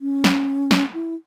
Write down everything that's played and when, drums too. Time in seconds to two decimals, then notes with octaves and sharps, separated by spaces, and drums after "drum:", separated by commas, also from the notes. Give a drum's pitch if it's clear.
0.01 C#4
0.24 drum: snare
0.71 drum: snare
0.94 E4